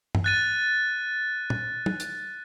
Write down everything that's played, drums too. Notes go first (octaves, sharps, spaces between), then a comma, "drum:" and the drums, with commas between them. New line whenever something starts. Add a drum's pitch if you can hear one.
drum: tom
F#6 A6 D#7
drum: tom
drum: tom
drum: hi-hat